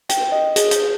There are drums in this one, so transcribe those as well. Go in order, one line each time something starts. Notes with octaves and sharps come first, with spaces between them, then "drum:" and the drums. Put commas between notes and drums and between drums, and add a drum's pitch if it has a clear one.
G5, drum: hi-hat
D#5
G#4, drum: hi-hat
G6, drum: hi-hat